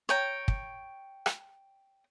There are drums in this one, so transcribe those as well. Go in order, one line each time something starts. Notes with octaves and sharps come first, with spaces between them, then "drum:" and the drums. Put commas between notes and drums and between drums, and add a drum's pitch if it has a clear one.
C#5 G5 A#5
drum: kick
drum: rim click